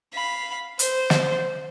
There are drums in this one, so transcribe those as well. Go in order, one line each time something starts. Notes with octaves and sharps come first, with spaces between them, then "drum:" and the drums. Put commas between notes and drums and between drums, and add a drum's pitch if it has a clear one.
F5 B5
C5, drum: hi-hat
drum: snare